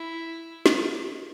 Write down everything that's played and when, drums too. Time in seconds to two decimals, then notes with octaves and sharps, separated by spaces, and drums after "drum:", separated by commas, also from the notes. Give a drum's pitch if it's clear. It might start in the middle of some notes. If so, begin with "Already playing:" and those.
Already playing: E4
0.66 drum: snare